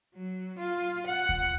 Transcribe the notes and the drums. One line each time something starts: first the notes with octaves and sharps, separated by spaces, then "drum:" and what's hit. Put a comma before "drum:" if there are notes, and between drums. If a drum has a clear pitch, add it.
F#3
F4
F#5
drum: kick D2